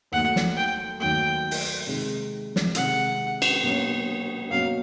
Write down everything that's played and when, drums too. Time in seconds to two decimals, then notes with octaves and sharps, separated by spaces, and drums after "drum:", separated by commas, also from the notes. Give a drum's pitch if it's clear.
0.12 D#2 D#3 F#3 A3 F#5
0.36 drum: snare
0.57 G5
1.00 D#2 D#3 F#3 A3 G5
1.51 drum: open hi-hat
1.87 C3 D#3 G#3
2.56 drum: snare
2.75 C3 D#3 G#3 F#5, drum: hi-hat
3.42 drum: cymbal
3.63 B2 F#3 A#3 C#4
4.51 B2 F#3 A#3 C#4 F5